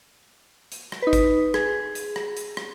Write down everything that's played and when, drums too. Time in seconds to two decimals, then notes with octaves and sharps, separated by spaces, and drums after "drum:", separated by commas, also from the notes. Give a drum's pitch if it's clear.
0.72 drum: hi-hat
0.92 drum: rim click
1.02 D#4 B4
1.13 drum: kick, hi-hat
1.54 G#4, drum: rim click
1.95 drum: hi-hat
2.16 drum: rim click
2.37 drum: hi-hat
2.57 drum: rim click